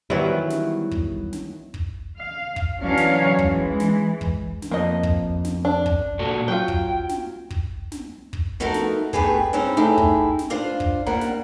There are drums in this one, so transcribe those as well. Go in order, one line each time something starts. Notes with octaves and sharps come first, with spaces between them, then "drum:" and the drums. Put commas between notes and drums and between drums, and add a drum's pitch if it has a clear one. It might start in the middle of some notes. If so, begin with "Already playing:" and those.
D#3 E3 F#3 G3 B3 E4
drum: snare
drum: kick
drum: snare
drum: kick
F5
drum: kick
E3 F#3 C#4 D4 C#5 F5
drum: snare
E3 G#3, drum: kick
drum: snare
drum: kick
drum: snare
F2 A#3 D#5
drum: kick
drum: snare
D4
drum: kick
A#2 F#4 A4
F#3 F4 G5
drum: kick
drum: snare
drum: kick
drum: snare
drum: kick
F3 A3 B3 D#4 F#4 A#4
drum: snare
G2 A3 B3 G4 G#4 B4, drum: kick
G2 G#3 C4 C#4 D#4 F4
E2 A3 D#4 E4 G4 G#4
drum: kick
drum: snare
D4 F4 C5 F5
drum: kick
G3 A#3 A#4 F#5
drum: snare